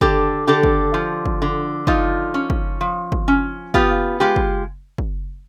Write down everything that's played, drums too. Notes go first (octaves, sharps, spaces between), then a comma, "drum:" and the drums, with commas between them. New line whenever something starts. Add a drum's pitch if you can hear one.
D3 G4 A4, drum: kick
D3 G4 A4
drum: kick
F3
drum: kick
D3
F3 D#4 F4, drum: kick
C#4
drum: kick
F3
drum: kick
C#4
B3 F4 G4, drum: kick
G#3 F4 G4
drum: kick
drum: kick